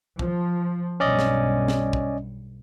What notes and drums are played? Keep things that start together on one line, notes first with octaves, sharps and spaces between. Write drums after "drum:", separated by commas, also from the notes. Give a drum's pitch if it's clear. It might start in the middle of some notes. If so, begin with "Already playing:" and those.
F3, drum: kick
B1 G2 C#4 D5 D#5
drum: snare
drum: snare
drum: kick